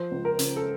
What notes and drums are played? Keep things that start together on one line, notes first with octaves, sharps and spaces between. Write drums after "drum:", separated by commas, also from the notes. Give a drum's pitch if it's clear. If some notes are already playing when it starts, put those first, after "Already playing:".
Already playing: F3 C5
C#2
A#4
C#3, drum: hi-hat
A4